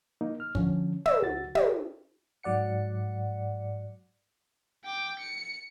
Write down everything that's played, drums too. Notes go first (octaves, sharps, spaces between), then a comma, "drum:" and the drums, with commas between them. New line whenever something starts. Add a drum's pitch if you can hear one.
A#3 D#4
F6
D3 F3 C#4, drum: kick
E6, drum: tom
C#2 F#4 A6
G4, drum: tom
G#2 F#3 D5 F#5 C#7
G5 D6
C#7